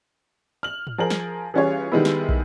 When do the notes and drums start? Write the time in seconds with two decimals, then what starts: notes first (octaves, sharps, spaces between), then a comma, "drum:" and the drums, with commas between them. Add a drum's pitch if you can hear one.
0.63 F6 F#7
0.87 drum: tom
0.98 F3 G#4 A#4 F#7
1.10 drum: snare
1.54 E3 G3 C#4 F4 G#4 C#5
1.92 D#3 G3 G#3 B3 E4
2.05 drum: snare
2.29 drum: kick